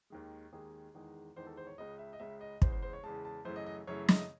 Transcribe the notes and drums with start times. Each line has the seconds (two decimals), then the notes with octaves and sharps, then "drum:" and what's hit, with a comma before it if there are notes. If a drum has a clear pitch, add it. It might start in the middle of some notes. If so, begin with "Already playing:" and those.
0.10 D#2 D#3 G#3
0.52 D#2 D#3 G#3 G#4
0.94 E2 D#3 G#3
1.36 E2 D#3 G#3 C5
1.47 A4
1.57 C5
1.67 C#5
1.78 C#2 C#3 G#3 D#5
1.99 E5
2.13 D#5
2.20 C#2 C#3 G#3 E5
2.41 D#5
2.62 E2 C#3 G#3 C5, drum: kick
2.72 C5
2.82 C5
2.93 C#5
3.03 E2 C#3 G#3 A5
3.25 A5
3.45 F#2 C#3 E3 A3 C5
3.56 D#5
3.66 D#5
3.87 F#2 C#3 E3 A3 C#5
4.09 D#5, drum: snare